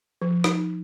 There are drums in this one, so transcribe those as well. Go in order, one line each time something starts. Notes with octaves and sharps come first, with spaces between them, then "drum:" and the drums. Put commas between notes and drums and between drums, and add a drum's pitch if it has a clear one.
F3
D#4, drum: rim click